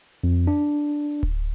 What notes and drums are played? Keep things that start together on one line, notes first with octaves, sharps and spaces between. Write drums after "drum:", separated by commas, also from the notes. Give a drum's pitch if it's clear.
F2
D4
drum: kick D1